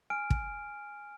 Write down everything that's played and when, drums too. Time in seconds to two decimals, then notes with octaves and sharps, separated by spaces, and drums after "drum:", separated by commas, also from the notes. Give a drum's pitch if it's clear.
0.10 G#5 F6 D7
0.30 drum: kick